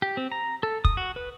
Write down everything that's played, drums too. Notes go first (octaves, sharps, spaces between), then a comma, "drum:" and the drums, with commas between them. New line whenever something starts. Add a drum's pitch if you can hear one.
G4
C4
A#5
A4
D#6, drum: kick
F#4
B4